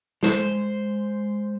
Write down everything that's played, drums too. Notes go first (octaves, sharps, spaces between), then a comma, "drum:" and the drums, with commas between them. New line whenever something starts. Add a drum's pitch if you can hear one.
G#3 C5, drum: snare